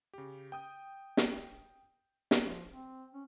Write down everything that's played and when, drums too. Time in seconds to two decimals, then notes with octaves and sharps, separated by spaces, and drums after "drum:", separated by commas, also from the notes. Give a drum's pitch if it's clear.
0.13 C#3 G4
0.52 G5 D#6 G6
1.17 drum: snare
2.31 drum: snare
2.42 F3
2.69 C4
3.14 C#4